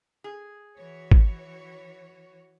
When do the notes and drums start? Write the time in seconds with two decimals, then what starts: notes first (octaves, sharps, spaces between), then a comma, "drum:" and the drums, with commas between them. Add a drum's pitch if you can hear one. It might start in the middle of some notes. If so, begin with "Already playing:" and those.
0.24 G#4
0.75 E3 F#4 C#5
1.11 drum: kick